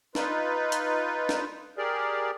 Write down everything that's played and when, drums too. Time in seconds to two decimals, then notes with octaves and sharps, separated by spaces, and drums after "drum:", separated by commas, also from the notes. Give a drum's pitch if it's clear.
0.15 D#4 F4 B4, drum: snare
0.72 drum: hi-hat
1.29 drum: snare
1.78 G4 G#4 A#4 D5